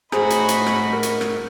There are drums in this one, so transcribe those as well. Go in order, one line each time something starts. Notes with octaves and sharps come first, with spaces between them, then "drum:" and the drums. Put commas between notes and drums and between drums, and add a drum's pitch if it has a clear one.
A2 F#4 G#4 C5 D#5 A#5 B5, drum: rim click
drum: hi-hat
drum: hi-hat
drum: rim click
A#4
drum: hi-hat
drum: rim click